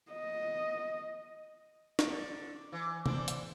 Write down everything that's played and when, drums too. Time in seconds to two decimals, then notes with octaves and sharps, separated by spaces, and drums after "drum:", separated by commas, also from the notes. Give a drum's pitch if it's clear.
0.11 D#5
1.99 D3, drum: snare
2.72 E3
3.06 E3 C4 D4, drum: tom C3
3.28 drum: hi-hat